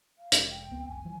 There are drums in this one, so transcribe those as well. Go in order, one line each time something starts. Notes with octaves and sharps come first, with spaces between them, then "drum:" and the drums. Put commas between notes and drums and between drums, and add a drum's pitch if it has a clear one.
F5
F1 C3 G#3, drum: hi-hat
G5
C#2 B3 C4
F1 C2 G#5
E3 F3 G3